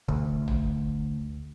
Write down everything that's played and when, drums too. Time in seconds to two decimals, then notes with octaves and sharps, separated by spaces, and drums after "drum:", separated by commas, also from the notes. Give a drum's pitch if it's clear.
0.08 D2, drum: kick
0.48 drum: tom